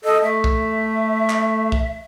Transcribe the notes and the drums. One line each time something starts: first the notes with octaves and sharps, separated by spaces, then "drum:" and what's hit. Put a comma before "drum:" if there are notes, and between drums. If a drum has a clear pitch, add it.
A4 D#5
A3 E5
drum: kick B1
drum: clap
drum: kick B1